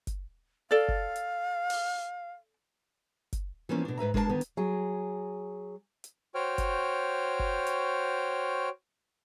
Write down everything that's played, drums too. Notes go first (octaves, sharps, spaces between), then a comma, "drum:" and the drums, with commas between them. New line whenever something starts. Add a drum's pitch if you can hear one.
drum: kick F#1, hi-hat
A4 D5 F5
drum: kick F#1
drum: hi-hat
drum: open hi-hat
drum: kick F#1, hi-hat
E3 F3 A#3 B3 C#4 E4
B2 D4
G#2 B4 E5 A#5
G#3 D4 A#4 C#5 A5, drum: kick F#1
D3 D#3 B3
drum: hi-hat
F#3 G#4
drum: hi-hat
F#4 C5 C#5 G5 F6
drum: kick F#1, hi-hat
drum: kick F#1
drum: hi-hat